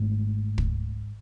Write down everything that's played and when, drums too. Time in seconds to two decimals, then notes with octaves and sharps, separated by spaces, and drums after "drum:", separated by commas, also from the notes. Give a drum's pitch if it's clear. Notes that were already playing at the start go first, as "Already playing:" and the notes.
Already playing: G#1 G#2 A3
0.58 drum: kick